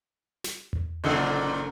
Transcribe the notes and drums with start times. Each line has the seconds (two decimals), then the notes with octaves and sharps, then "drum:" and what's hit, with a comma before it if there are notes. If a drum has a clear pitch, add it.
0.44 drum: snare
0.73 drum: tom E2
1.04 F#1 A#2 C#3 A4 F#5 E6